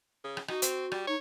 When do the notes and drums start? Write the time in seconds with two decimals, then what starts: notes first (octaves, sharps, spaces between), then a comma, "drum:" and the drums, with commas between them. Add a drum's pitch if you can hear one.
0.24 C#3
0.37 drum: rim click
0.48 D#4 F#4, drum: rim click
0.62 C4, drum: hi-hat
0.92 G3, drum: rim click
1.07 D#4 C#5